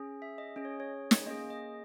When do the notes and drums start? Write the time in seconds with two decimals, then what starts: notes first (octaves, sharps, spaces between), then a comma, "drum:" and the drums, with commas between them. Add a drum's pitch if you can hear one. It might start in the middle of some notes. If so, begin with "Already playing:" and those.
Already playing: C#4 G#4
0.22 E5
0.38 D#5
0.56 C#4 G#4 D#5
0.65 C#5
0.80 C#5
1.11 drum: snare
1.26 A#3 C#4 G#4 D#5
1.50 D#5